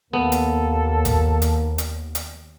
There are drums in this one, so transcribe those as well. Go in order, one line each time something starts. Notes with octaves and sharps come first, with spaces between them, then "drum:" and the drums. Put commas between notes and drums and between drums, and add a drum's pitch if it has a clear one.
D#2 A#3 B3 A4
drum: hi-hat
drum: kick, hi-hat
drum: hi-hat
drum: hi-hat
drum: hi-hat